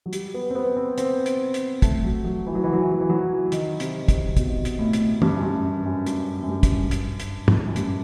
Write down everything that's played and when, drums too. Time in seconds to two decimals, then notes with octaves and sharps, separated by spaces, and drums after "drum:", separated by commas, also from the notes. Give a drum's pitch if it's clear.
0.06 F#3
0.13 G3, drum: hi-hat
0.34 B3
0.50 C4
0.55 B3
0.77 C4
0.98 C4, drum: hi-hat
1.26 drum: hi-hat
1.54 drum: hi-hat
1.82 A3, drum: kick, hi-hat
2.04 F#3
2.25 F#3
2.47 E3
2.55 F#3
2.64 E3
2.73 F#3
2.82 E3
2.91 F#3
3.01 E3
3.09 F#3
3.19 E3
3.52 D#3, drum: hi-hat
3.80 C3, drum: hi-hat
4.02 D#3
4.08 C3, drum: kick, hi-hat
4.37 B2, drum: kick, hi-hat
4.65 drum: hi-hat
4.79 A2
4.93 drum: hi-hat
5.22 G2, drum: tom
5.36 F#2
5.43 G2
5.85 F#2
6.06 G2, drum: hi-hat
6.43 F#2
6.49 G2
6.63 drum: kick, hi-hat
6.91 drum: hi-hat
7.20 drum: hi-hat
7.48 drum: tom G2
7.66 F#2
7.76 G2, drum: hi-hat